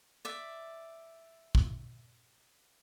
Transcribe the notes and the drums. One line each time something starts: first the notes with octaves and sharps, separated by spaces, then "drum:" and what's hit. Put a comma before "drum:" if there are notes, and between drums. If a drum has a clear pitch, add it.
D5 E5
drum: kick